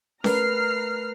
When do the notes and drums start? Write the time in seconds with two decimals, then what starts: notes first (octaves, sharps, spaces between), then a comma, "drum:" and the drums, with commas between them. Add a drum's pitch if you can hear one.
0.24 A3 A#4 B4 A#5 F6 C7, drum: snare C#4